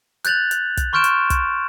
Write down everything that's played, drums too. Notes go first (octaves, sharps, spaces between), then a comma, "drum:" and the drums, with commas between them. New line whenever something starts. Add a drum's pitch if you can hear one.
F#6 G6 A6 F7 F#7, drum: hi-hat
drum: hi-hat
drum: kick, hi-hat
C6 C#6 F6 G6 D7 E7
drum: hi-hat
drum: kick, hi-hat